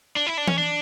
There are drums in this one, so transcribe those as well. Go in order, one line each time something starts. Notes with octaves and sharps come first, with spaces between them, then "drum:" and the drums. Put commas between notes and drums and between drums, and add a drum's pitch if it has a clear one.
D4
E4
D4
C#4, drum: tom E3
D4